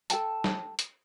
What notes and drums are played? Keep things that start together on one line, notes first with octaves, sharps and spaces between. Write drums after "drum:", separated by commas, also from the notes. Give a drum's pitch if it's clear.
A4 G5 A5, drum: hi-hat
drum: snare
drum: hi-hat